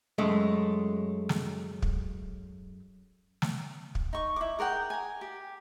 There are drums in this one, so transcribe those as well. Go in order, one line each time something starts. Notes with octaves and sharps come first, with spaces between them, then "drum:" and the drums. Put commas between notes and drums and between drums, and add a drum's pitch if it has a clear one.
F#2 G#3 A3
drum: snare
drum: kick
drum: snare
drum: kick
D#4 C#6
E4 D6
G#4 A#4 F#5 G5
G#5 A#5
G4